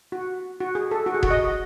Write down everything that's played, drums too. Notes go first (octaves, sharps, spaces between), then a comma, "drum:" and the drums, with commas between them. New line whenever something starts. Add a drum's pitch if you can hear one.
F#4
F#4
G#4
A4
F#4
G#4
F#4, drum: kick E1
D#5